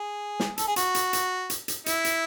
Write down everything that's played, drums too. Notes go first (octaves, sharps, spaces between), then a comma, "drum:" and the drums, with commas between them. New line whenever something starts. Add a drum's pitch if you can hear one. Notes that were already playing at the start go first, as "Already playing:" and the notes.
Already playing: G#4
drum: snare
A4, drum: hi-hat
G#4
F#4, drum: hi-hat
drum: hi-hat
drum: hi-hat
drum: hi-hat
drum: hi-hat
E4, drum: hi-hat
drum: hi-hat